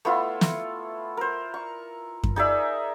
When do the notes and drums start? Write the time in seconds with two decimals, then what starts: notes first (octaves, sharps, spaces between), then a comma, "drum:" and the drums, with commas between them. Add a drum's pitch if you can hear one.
0.05 A3 B3 E4 F4
0.41 drum: snare
1.17 A#4 C5
1.54 C#6
2.24 drum: kick F#2
2.36 D#4 G#4 D5 E5